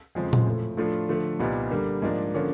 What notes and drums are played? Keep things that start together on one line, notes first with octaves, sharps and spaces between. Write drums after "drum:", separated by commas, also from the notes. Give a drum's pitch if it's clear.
F2 C#3 F3 G#3 C4
drum: tom A#2
A2 F3 A3
A2 F3 A3 D4 F4
D3 F3 A3
C2 A#2 G3 B3 D#4
D3 G3 A#3
G#2 F3 A#3 D4
D3 F3 A#3 C#4